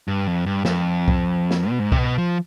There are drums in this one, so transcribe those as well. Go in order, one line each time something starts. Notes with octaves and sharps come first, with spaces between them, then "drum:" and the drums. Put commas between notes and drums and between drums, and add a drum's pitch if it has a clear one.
G2
F2
G2
F2, drum: snare
drum: kick C2
drum: snare
B2
G#2
C3, drum: kick C2
B2
F3